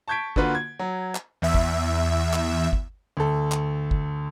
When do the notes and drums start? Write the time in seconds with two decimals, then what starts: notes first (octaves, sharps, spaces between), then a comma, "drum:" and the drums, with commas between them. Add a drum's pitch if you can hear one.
0.08 A5 C#6 G6 G#6 B6 D7
0.36 D3 A#3 F4 F#4 B4, drum: kick
0.55 G#6
0.79 F#3
1.15 drum: clap
1.42 E2 E5
1.54 drum: kick
2.33 drum: clap
2.73 drum: kick
3.17 D2 A4
3.52 drum: clap
3.91 drum: kick